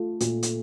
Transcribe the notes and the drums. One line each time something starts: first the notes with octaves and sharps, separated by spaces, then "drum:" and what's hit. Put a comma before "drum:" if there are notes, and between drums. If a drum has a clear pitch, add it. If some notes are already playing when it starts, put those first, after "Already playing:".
Already playing: A3 F4
A#2, drum: hi-hat
drum: hi-hat